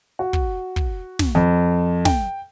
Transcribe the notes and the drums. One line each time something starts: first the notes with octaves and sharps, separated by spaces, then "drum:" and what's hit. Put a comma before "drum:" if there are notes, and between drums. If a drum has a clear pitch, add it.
F#4
drum: kick
drum: kick
drum: snare
F2
G5, drum: snare